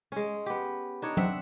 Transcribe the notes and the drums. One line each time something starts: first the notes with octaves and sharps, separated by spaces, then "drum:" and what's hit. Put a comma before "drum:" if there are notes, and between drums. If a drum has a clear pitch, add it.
G#3 C#4
B3 G4
D4 D#4 C#5
C4 E5 F#5, drum: tom